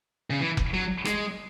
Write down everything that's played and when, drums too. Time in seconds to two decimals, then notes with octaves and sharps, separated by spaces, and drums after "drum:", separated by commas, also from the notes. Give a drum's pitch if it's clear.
0.30 C#3
0.40 E3
0.57 drum: kick F1
0.74 F#3
1.05 G#3, drum: rim click